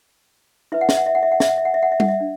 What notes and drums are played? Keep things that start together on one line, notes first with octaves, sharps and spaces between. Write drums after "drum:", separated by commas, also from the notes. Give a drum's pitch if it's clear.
E4 B4 E5
F#5
E5, drum: snare
F#5
E5
F#5
E5
F#5
E5, drum: snare
F#5
E5
F#5
E5
F#5
E5
F#5, drum: tom G3
E5
D4